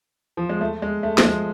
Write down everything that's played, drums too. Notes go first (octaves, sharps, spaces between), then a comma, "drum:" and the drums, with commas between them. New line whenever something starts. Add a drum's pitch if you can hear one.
F3
G#3
A3
G#3
A3
F3, drum: snare
G#3